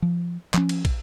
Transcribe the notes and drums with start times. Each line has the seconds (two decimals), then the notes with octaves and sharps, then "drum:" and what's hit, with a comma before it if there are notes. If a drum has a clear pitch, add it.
0.02 F3
0.54 F3 C#4, drum: clap
0.69 drum: cymbal
0.85 drum: kick, cymbal